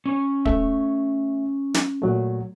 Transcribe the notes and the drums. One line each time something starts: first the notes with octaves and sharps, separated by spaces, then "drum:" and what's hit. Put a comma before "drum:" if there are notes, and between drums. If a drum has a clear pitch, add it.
C#4 C#5
A3 E5, drum: kick
drum: snare
A#2 F#3 A3